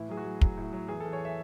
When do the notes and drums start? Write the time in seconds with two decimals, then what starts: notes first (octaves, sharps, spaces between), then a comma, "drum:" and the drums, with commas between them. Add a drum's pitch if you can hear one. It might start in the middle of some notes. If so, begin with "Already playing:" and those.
Already playing: A2 E3 E4
0.09 F#3 G#4
0.17 F#4
0.25 F#3
0.41 F#3, drum: kick
0.57 A2
0.73 F#3
0.88 E2 G#4
1.00 E2 A4
1.13 C#5
1.25 E5